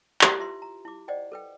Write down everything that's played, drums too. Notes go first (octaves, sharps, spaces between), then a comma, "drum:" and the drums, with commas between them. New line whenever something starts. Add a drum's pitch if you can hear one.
E4 G4, drum: clap
F4 B4 E5 A#5 C6
A#5
E4 D6
C5 D5 D#5 F#5 G5
A4 B4 G5